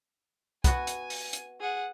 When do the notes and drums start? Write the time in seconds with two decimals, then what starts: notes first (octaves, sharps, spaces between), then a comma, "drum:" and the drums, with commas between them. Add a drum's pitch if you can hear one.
0.64 B3 F#4 G#5, drum: kick, hi-hat
0.87 drum: hi-hat
1.10 drum: open hi-hat
1.33 drum: hi-hat
1.61 G#4 F#5